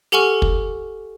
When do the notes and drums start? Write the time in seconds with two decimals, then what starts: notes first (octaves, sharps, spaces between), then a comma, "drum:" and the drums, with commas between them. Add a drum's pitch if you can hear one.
0.12 G4 A4 F#5 G#5 C#6 F6
0.42 drum: kick